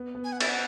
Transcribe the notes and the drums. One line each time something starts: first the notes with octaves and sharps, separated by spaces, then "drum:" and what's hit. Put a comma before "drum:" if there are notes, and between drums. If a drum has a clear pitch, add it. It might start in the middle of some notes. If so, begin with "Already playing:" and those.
Already playing: B3
B3
G#5
F#5
E5, drum: cymbal
F#5